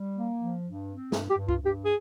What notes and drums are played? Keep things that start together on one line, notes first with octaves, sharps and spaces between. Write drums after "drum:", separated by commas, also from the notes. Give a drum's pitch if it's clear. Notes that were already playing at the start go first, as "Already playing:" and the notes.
Already playing: G3
A#3
F3
G2
C4
G2 G#4, drum: snare
G4
G2
F4, drum: kick C#2
G2
G4
G#4